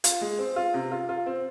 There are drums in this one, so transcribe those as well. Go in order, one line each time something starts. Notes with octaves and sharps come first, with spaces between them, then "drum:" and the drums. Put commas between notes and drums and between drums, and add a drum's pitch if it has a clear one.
F4, drum: hi-hat
G#3
C4
F4
C3
F4
F4
C4